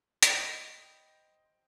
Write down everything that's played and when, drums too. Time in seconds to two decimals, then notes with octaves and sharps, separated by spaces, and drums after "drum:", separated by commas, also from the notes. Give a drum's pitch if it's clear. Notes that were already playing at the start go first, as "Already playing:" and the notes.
0.23 C5 D#5 G5 B5, drum: hi-hat